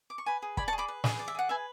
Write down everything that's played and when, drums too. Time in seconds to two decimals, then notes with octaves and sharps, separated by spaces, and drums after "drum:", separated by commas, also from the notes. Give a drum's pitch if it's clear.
0.10 D6
0.18 C#6
0.26 B4 G#5 B5
0.42 G#4
0.57 D5 G#5 B5, drum: kick
0.68 A5 C#6
0.73 G#4
0.78 B5 D6
0.88 B4
1.04 G#4, drum: snare
1.19 D5
1.28 E5
1.35 G#4 F#5
1.49 B4 E5 G#5